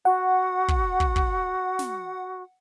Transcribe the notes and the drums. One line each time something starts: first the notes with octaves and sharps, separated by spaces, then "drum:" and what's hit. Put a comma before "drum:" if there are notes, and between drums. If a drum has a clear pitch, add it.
F#4 F#5
drum: kick
drum: kick
drum: kick
drum: snare